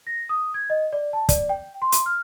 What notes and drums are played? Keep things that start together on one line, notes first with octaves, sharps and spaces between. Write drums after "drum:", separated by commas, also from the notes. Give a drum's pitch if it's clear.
A#6
D#6
G#6
D#5
D5
A5
D5, drum: kick, hi-hat
G5
C6
drum: hi-hat
F6